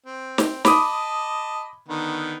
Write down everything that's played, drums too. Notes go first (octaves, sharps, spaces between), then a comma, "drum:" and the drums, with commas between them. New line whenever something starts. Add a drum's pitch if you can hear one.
C4
drum: snare
D#5 A5 B5 D6 D#6, drum: snare
D3 D#3 B3